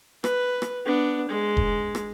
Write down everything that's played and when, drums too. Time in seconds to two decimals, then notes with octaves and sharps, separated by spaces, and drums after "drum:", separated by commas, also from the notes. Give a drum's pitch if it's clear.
0.24 B4, drum: rim click
0.62 drum: rim click
0.85 B3 D4
1.29 G#3
1.57 drum: kick E1
1.95 drum: rim click